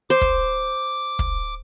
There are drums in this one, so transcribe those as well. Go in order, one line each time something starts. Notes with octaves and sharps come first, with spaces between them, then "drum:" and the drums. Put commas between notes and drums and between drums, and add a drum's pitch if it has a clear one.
C5 D6
drum: kick
drum: kick